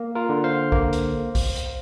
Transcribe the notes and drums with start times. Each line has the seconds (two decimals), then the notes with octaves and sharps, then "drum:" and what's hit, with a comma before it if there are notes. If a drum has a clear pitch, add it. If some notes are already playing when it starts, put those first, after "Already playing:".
Already playing: A#3
0.15 F4 A#4
0.29 D3
0.44 C5 F5
0.72 A#3, drum: kick A1
0.93 drum: hi-hat
1.35 drum: kick A1, open hi-hat
1.56 drum: hi-hat